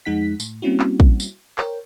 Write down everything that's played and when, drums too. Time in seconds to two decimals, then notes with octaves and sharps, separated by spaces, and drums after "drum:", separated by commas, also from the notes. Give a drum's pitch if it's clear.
0.05 F2 G#3 D#4 F#5 B6
0.40 A2, drum: tambourine
0.62 G3 A#3 C4 C#4 E4 F#4
0.80 drum: clap
1.00 drum: kick
1.20 drum: tambourine
1.58 A#4 C5 C#5 G5, drum: clap